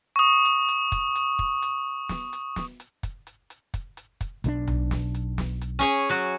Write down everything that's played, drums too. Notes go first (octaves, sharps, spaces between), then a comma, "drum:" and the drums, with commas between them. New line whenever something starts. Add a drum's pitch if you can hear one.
C#6 D#6
drum: hi-hat
drum: hi-hat
drum: kick, hi-hat
drum: hi-hat
drum: kick
drum: hi-hat
drum: snare
drum: hi-hat
drum: snare
drum: hi-hat
drum: kick, hi-hat
drum: hi-hat
drum: hi-hat
drum: kick, hi-hat
drum: hi-hat
drum: kick, hi-hat
B1 D#3 D4, drum: hi-hat
drum: tom B1
drum: snare
drum: hi-hat
drum: snare
drum: hi-hat
C#4 G#4 C#5
F#3 F#4, drum: hi-hat